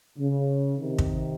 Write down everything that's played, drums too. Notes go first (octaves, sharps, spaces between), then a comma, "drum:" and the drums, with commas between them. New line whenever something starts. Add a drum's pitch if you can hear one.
C#3
C3 D#3
drum: kick